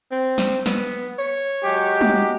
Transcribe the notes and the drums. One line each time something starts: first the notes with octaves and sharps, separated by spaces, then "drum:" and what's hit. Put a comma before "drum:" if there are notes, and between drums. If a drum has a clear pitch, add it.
C4
drum: snare
B3, drum: snare
C#5
F#3 G#3 G4
drum: tom G3